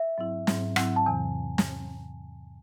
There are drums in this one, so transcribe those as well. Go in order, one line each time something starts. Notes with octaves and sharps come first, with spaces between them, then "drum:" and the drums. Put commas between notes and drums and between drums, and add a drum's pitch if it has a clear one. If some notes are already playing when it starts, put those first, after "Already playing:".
Already playing: E5
G#2 F#3 C4 E4
G#2 F#3 C4 E4, drum: snare
G#2 F#3 C4 E4 F#5, drum: rim click
A5
E2 C3 E3 G#5
drum: snare